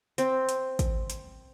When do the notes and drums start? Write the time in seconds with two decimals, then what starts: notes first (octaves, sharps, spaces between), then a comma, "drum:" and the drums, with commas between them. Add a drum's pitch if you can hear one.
0.18 C4, drum: hi-hat
0.49 drum: hi-hat
0.79 drum: kick, hi-hat
1.10 drum: hi-hat